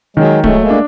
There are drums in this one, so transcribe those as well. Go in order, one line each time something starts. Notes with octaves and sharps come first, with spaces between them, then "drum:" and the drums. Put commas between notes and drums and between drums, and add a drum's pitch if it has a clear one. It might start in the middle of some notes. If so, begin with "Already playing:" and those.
D#3 F#3 G#3
F#3 G#3 A3, drum: kick D1
G#3 A#3
D4